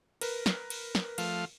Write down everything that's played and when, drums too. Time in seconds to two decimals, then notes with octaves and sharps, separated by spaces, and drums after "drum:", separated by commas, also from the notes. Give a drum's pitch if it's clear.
0.21 A#4 B4, drum: cymbal
0.46 drum: snare
0.70 drum: cymbal
0.95 drum: snare
1.18 F3 A3 F5, drum: cymbal